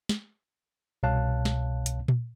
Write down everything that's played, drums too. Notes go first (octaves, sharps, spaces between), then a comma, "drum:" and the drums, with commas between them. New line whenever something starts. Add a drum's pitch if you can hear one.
drum: snare
C2 B2 C#5 F5 A5 F#6
drum: snare
drum: hi-hat
drum: tom A#2